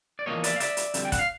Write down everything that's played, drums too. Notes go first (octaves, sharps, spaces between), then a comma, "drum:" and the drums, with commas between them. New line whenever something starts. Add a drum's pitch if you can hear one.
D5
E2 C#3 F3 A#3 C#5 D#5
D5 E5, drum: hi-hat
F5
D5 E5, drum: hi-hat
drum: hi-hat
F2 D3 G3, drum: hi-hat
G5
F#5, drum: kick, hi-hat
F5